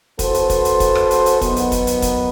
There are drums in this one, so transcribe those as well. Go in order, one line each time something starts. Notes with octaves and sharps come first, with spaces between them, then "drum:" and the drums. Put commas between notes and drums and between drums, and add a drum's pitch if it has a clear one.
E3 B3 F#4 A4 C5, drum: kick, hi-hat
drum: hi-hat
drum: kick, hi-hat
drum: hi-hat
drum: kick, hi-hat
drum: rim click
drum: hi-hat
drum: hi-hat
D#3 F#3 B3, drum: kick, hi-hat
drum: hi-hat
drum: kick, hi-hat
drum: hi-hat
drum: kick, hi-hat